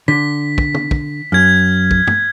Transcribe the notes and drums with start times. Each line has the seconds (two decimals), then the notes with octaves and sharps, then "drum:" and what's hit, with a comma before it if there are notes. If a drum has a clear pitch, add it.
0.08 D3 B6
0.58 drum: kick
0.75 drum: tom
0.91 drum: kick
1.32 F#2 F6 G#6
1.91 drum: kick
2.07 drum: tom